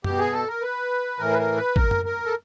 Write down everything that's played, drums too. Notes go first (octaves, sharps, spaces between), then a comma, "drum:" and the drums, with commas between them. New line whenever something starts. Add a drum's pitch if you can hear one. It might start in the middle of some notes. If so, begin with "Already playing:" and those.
B2 G4, drum: tom F#2
G#4
A4
A#4
B4
A2 E3 A#4
B4
A#4
B4
A#4, drum: kick G#1
drum: tom F#2
A#4
A4